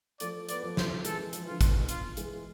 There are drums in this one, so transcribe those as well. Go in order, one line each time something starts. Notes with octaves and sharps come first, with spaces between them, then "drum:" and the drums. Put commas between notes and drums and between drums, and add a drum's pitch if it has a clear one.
F3 A3 D5, drum: hi-hat
B3 D5, drum: hi-hat
F3 A3
C5, drum: snare
E3 G#3 A4, drum: hi-hat
F3, drum: hi-hat
E3
D3 F3 F4
B2 D3, drum: kick, hi-hat
F4, drum: hi-hat
E3 G#3, drum: hi-hat